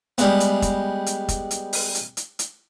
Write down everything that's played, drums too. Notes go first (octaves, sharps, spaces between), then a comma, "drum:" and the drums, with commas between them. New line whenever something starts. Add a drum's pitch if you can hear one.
G3 G#3 B3, drum: hi-hat
drum: hi-hat
drum: kick, hi-hat
drum: hi-hat
drum: kick, hi-hat
drum: hi-hat
drum: open hi-hat
drum: hi-hat
drum: hi-hat
drum: hi-hat